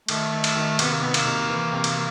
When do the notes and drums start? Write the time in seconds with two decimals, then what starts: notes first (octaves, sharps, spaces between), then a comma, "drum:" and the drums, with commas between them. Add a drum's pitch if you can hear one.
0.08 D#3 A3, drum: cymbal
0.32 D#3
0.44 drum: cymbal
0.56 D#3
0.79 C3 B3, drum: cymbal
0.90 A#3
1.02 C3 B3
1.14 A#3, drum: cymbal
1.25 C3
1.49 E3
1.72 C3
1.84 drum: cymbal